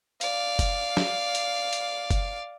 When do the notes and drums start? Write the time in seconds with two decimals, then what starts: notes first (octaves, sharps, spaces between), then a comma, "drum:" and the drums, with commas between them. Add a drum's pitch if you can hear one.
0.21 D5 F5, drum: hi-hat
0.59 drum: kick F#1, hi-hat
0.97 drum: snare
1.35 drum: hi-hat
1.73 drum: hi-hat
2.11 drum: kick F#1, hi-hat